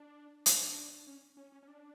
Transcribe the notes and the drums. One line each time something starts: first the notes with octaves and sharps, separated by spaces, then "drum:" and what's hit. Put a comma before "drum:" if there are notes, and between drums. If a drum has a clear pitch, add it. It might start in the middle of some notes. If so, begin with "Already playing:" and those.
Already playing: D4
D4, drum: hi-hat
C#4
C#4
C#4
C#4
D4